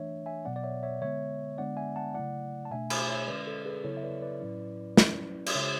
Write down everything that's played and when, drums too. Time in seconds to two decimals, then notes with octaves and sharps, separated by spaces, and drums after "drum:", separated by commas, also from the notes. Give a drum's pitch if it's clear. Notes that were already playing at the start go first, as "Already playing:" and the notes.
Already playing: E3 A3 D4 C#5 E5
0.26 E5 G#5
0.45 B2 F#3 B3 D5 F#5
0.56 D5
0.64 C#5 E5
0.83 C#5 E5
1.01 D3 G#3 B3 C#5 E5
1.58 D3 G#3 B3 D4 D5 F#5
1.77 E5 G#5
1.96 F#5 A5
2.14 C#3 F#3 A3 E4 D5 F#5
2.65 A5
2.71 B2 A3 D4 E5 G#5
2.90 G#5 B5, drum: cymbal
3.09 C#5 E5
3.28 D3 G#3 C#4 B4 D5
3.47 A4
3.66 G#4 B4
3.84 C#3 F#3 B3 E4 A4 C#5
3.97 E5
4.04 B4 D5
4.22 B4 D5
4.41 A2 F#3 C#4 E4
4.97 F#3 C#4 E4, drum: snare
5.46 D5, drum: cymbal
5.54 C#3 G#3 D4 C#5 E5